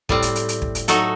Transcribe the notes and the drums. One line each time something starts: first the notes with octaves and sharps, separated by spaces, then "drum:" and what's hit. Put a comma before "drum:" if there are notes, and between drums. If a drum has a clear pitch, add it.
A2 G3 C4, drum: kick
drum: hi-hat
drum: hi-hat
drum: hi-hat
drum: kick
drum: hi-hat
F#3 A3 D#4 F#4 A4, drum: hi-hat